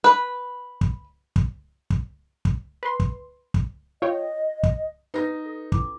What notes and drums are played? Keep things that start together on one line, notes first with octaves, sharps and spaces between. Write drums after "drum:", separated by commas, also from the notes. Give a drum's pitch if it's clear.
B4
drum: kick
drum: kick
drum: kick
drum: kick
B4 C6
drum: kick
drum: kick
F4 C#5 D#5 G5
drum: kick
D#4 G4 B4 A#6
A4
C#4 E4 D6, drum: kick